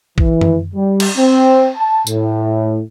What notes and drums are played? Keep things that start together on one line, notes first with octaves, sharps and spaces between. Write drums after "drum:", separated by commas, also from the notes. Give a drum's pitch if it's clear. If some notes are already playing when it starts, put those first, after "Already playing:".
E3, drum: kick
drum: tom F#2
G3
drum: cymbal
C4
A5
A2, drum: tambourine